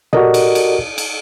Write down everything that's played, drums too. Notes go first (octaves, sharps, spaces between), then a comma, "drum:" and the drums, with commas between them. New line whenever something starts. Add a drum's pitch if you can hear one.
F#4 G4 A4 A#4 D5 D#5, drum: tom A#2
drum: cymbal
drum: cymbal
drum: cymbal